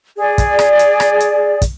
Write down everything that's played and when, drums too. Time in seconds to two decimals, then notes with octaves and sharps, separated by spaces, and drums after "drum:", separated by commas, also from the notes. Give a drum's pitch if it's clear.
0.17 G#4 D5
0.38 drum: kick, hi-hat
0.59 drum: rim click
0.79 drum: hi-hat
1.00 drum: rim click
1.20 drum: hi-hat
1.62 drum: kick, hi-hat